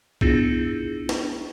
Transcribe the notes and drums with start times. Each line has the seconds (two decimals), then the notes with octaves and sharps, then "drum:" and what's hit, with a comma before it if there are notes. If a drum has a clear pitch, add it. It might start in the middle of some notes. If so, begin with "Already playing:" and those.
0.21 B3 D4 E4 F4 G#4, drum: kick B1
1.09 drum: snare